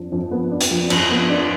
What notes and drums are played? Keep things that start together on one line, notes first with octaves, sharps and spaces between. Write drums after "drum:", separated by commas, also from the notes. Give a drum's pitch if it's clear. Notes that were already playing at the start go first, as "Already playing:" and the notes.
Already playing: F2 F3 D4
F2
B3
D4
drum: hi-hat
F3
F2, drum: cymbal
B3
D4